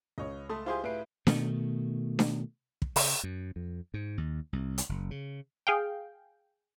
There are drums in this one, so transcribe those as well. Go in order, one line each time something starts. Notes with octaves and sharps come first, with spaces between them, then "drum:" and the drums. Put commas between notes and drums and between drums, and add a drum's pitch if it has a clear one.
C#2 C#5 D#5
A3 A5 C6 D#6
E4 F4 G4 G#4 C5 C6 G6
A2 B4 E5 C7 D7
B2 D#3 A3, drum: snare D4
drum: snare D4
drum: kick
C#3, drum: open hi-hat
F#2
F2
G#2
D#2
C2
drum: hi-hat
F#1
C#3
G#4 F5 G5